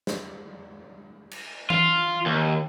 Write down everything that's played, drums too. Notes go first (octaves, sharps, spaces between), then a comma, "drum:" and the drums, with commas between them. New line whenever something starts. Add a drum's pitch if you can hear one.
drum: snare
drum: cymbal
F4, drum: tom E3
D#2